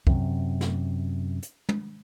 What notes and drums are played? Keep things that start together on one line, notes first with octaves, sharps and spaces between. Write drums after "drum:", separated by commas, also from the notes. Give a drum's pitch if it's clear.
F#2 C3, drum: kick
drum: snare
drum: hi-hat
drum: tom